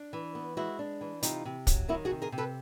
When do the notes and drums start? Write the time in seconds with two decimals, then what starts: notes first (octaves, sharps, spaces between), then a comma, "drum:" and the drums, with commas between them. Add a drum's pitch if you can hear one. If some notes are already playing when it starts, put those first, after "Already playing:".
Already playing: D4
0.13 E3
0.35 B3
0.57 G#3 E4 F#4
0.79 D4
1.01 E3
1.23 C3 D#4 F4, drum: hi-hat
1.45 C3
1.67 F#3, drum: kick, hi-hat
1.88 D#3 E4 F#4
2.05 F#4 G#4
2.11 C3
2.22 G#4 A#4
2.32 C3
2.38 A4 B4